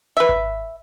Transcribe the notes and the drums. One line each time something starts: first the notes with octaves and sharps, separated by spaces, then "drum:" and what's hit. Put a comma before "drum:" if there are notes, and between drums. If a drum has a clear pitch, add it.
B4 E5
drum: kick G#1